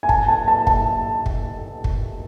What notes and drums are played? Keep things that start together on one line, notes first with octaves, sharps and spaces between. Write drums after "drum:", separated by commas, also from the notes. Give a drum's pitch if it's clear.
G#5
A5, drum: kick
A5
A5
A5, drum: kick
drum: kick
drum: kick